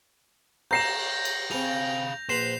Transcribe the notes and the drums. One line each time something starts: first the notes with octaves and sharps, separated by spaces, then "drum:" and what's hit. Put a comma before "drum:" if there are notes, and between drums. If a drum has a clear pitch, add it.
A#5 G6 A#6 C7 E7, drum: cymbal
drum: cymbal
C4 G#4 F5 G#5 F7
A#1 B4 C5 A#5 C7 E7